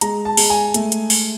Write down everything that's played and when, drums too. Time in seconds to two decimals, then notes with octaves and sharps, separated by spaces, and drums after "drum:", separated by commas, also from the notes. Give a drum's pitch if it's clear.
0.01 G#3 A#5, drum: hi-hat
0.25 A5
0.37 G#3, drum: open hi-hat
0.50 G#5
0.74 A3, drum: hi-hat
0.92 drum: hi-hat
1.10 drum: open hi-hat